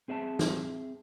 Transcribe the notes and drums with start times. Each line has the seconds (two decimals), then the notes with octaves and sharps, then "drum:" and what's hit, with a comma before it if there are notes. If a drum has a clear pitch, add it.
0.08 C4 G#4 E5 F5 A5
0.39 drum: snare